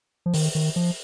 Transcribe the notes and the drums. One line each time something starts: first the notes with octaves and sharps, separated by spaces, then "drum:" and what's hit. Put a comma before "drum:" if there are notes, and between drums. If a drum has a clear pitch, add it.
F3
D#3, drum: open hi-hat
D#3
F3